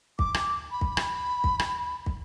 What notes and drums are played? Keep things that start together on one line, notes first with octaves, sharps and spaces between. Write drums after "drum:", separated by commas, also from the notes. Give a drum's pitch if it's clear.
D6, drum: kick
drum: rim click
B5
drum: kick
drum: rim click
drum: kick
drum: rim click
drum: kick